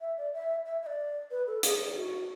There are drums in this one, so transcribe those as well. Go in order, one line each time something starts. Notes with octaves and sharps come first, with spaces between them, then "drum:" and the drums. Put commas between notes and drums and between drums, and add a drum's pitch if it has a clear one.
E5
D5
E5
E5
E5
D5
B4
A4
G#4, drum: hi-hat
F#4